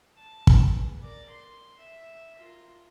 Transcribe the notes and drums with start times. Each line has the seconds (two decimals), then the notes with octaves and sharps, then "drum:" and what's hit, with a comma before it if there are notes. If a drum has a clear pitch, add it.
0.17 A5
0.47 drum: kick
0.67 B3 G#4
1.01 A#4 D5
1.30 C6
1.79 E5
2.39 F4 A#4